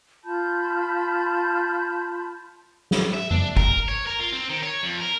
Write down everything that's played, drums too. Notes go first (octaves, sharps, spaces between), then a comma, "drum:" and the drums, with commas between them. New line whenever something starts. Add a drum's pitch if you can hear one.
F4 A5 B5 G6
drum: snare
E5
D4, drum: tom F2
A#4, drum: kick G1
C#5
A#4
F4
C4
D#3
C#5
F2
A#4